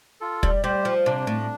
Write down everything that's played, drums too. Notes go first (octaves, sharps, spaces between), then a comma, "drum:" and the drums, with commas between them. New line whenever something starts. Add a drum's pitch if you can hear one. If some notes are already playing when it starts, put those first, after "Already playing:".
F4 A4
G3, drum: kick
G3 G4 C5
F3
C3 D4
A2